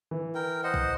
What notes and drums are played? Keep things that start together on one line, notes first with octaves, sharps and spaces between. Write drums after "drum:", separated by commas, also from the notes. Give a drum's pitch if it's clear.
E3
A#4 G5
C5 D#5 F#5
drum: kick B1